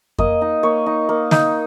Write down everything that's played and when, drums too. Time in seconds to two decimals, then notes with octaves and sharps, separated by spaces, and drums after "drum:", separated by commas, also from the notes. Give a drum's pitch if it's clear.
0.18 A#3 D#5, drum: kick F2
0.41 D#4
0.63 A#3 C#5
0.86 D#4
1.09 A#3
1.31 D#4, drum: snare